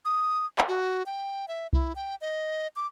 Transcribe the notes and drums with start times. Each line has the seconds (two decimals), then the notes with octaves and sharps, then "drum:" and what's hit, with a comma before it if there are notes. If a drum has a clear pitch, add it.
0.05 D#6
0.58 drum: clap
0.68 F#4
1.06 G5
1.48 E5
1.73 E4, drum: kick C2
1.96 G5
2.21 D#5
2.76 D6